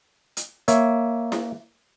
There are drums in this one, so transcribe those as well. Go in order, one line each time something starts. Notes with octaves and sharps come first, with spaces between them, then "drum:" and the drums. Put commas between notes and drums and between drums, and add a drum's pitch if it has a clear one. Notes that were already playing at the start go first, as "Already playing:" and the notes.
drum: hi-hat
A#3 C#5 E5, drum: hi-hat
drum: snare E4